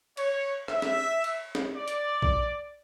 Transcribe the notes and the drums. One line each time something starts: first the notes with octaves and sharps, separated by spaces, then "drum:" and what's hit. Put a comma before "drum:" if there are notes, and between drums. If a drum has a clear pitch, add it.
C#5, drum: cymbal
E5, drum: rim click
drum: snare
drum: cymbal
drum: snare
D5
drum: hi-hat
drum: kick A#1